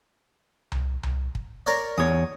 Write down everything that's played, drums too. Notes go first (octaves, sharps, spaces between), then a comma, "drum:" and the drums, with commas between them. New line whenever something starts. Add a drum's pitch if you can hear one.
drum: tom C2
drum: tom C2
drum: kick
A#4 C#5 D5
E2 C#5 D#6